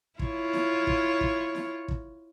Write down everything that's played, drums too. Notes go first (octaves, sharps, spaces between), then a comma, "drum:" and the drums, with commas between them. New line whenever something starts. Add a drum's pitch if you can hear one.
E4 F4 C#5, drum: kick
drum: snare E4
drum: kick
drum: kick
drum: snare E4
drum: kick